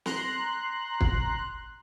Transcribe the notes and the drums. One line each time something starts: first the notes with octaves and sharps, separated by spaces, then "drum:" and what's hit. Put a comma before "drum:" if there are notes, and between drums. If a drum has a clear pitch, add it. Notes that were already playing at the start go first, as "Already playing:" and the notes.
A#5 C6 F#6, drum: snare
drum: kick